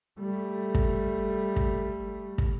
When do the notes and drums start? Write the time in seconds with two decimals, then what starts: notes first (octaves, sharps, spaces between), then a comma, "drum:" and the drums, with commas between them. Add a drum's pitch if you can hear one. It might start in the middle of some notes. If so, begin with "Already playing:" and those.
0.20 G3 A3
0.74 drum: kick
1.56 drum: kick
2.38 drum: kick